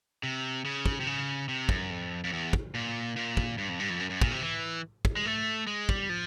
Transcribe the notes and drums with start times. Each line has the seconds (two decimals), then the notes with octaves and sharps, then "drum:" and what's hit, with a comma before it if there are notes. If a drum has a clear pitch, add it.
0.23 C3
0.65 C#3
0.86 drum: kick
1.00 C3
1.07 C#3
1.49 C3
1.69 F#2, drum: kick
1.90 F2
2.24 F2
2.33 E2
2.53 drum: kick
2.75 A#2
3.16 A#2
3.37 drum: kick
3.58 G2
3.69 F2
3.79 G2
3.90 F2
4.00 F#2
4.10 F#2
4.22 A#2, drum: kick
4.32 C3
4.42 E3
5.05 drum: kick
5.17 G#3
5.26 A3
5.67 G#3
5.89 G3, drum: kick
6.09 F3